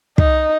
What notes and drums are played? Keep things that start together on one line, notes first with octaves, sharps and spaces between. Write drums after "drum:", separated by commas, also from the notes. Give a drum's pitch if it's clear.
D#4, drum: kick